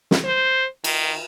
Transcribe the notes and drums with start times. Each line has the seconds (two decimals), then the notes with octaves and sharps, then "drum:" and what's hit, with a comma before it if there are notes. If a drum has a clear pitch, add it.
0.11 drum: snare
0.24 C5
0.84 D#3, drum: cymbal